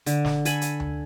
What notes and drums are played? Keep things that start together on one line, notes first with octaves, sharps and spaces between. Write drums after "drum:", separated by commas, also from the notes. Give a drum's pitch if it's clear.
D3, drum: hi-hat
drum: snare
A4 G#5 B5, drum: hi-hat
drum: hi-hat
drum: tom D2